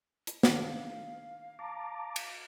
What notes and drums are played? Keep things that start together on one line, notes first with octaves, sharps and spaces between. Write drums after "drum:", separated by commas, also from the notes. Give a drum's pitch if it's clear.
drum: hi-hat
D#3 A3 D4 F5, drum: snare
A5 A#5 D6
drum: cymbal